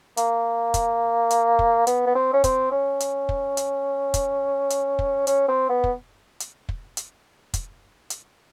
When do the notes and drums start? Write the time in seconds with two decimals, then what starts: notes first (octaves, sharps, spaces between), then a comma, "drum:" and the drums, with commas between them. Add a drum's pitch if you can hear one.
0.17 A#3, drum: hi-hat
0.74 drum: kick, hi-hat
1.30 drum: hi-hat
1.59 drum: kick
1.87 B3, drum: hi-hat
2.07 B3
2.15 C4
2.33 C#4
2.44 C4, drum: kick, hi-hat
2.72 C#4
3.00 drum: hi-hat
3.29 drum: kick
3.57 drum: hi-hat
4.14 drum: kick, hi-hat
4.70 drum: hi-hat
4.99 drum: kick
5.27 C#4, drum: hi-hat
5.48 C4
5.69 B3
5.84 drum: kick
6.40 drum: hi-hat
6.69 drum: kick
6.97 drum: hi-hat
7.54 drum: kick, hi-hat
8.10 drum: hi-hat